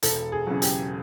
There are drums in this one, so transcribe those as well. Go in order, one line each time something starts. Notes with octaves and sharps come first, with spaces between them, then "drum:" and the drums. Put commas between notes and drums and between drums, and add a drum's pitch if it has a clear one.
E1 A4, drum: hi-hat
G#4
E2 C#3 F#3
G4, drum: hi-hat